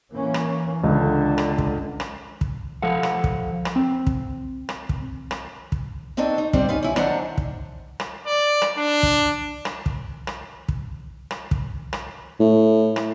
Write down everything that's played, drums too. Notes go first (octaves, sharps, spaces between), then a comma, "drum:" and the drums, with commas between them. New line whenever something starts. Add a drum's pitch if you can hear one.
E3 A#3 C#4
drum: rim click
C#2 D3
drum: rim click
drum: kick
drum: rim click
drum: kick
F3 A4 F5 F#5
drum: rim click
drum: kick
drum: rim click
C4
drum: kick
drum: rim click
drum: kick
drum: rim click
drum: kick
C4 D4 D#4 A4 C#5
D#4
G3 C4 D4 C5, drum: kick
C#4 D#4 F4 B4
C#4 E4
D#3 F#3 D4 C5 F#5 A#5, drum: rim click
drum: kick
drum: rim click
D5
drum: rim click
D4
drum: kick
drum: rim click
drum: kick
drum: rim click
drum: kick
drum: rim click
drum: kick
drum: rim click
A2
drum: rim click